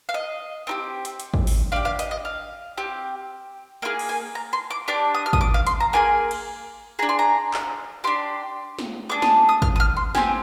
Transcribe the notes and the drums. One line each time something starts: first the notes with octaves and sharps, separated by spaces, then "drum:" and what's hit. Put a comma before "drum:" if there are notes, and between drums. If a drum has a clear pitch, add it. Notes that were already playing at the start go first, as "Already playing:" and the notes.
F5
D#5
C4 D#4 G4
drum: hi-hat
drum: hi-hat
drum: kick
drum: open hi-hat
D4 G4 F5
F5
D#5, drum: hi-hat
D#5
F5
C4 G4
A#3 F4 G#4 F5
drum: cymbal
G#5
A#5
C6
D6
D4 G4 D6
D#6
F6
D#6, drum: kick
D6
F5
C6, drum: hi-hat
A#5
A#3 F4 G#4 G#5
drum: cymbal
D4 G#4 A#5
C6
A#5
drum: clap
D4 G4 C6
drum: snare
D4 G#4 D6
D#6, drum: snare
D#6
F6, drum: kick
D#6
F6
C6
C4 G4 G#5, drum: snare